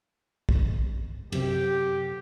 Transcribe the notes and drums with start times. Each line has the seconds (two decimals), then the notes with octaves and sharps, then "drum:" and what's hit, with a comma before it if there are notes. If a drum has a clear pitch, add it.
0.49 drum: kick
1.32 F#2 C3 G4, drum: cymbal